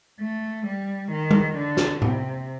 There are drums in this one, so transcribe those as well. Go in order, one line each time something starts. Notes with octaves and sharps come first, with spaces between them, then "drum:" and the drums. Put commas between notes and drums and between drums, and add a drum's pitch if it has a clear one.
A3
G3
D#3
drum: tom
D3
drum: snare
C3, drum: tom A2